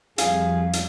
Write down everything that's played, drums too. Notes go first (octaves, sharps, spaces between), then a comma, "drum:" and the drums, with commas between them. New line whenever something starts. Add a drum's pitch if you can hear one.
F2 G3 G#4 F5, drum: hi-hat
drum: hi-hat